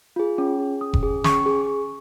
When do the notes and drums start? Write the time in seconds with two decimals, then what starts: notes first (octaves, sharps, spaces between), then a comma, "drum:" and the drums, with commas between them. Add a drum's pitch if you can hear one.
0.16 F4 G#4
0.38 C#4
0.59 G#4
0.81 C#4 D#6
0.94 drum: kick F1
1.03 G#4
1.24 C#4 C#6, drum: snare
1.46 G#4